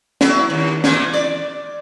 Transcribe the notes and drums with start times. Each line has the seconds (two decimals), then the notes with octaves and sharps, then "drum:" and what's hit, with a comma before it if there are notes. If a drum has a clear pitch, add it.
0.21 F#3 E4, drum: snare
0.50 D#2
0.84 A#2 E3, drum: snare
1.13 D5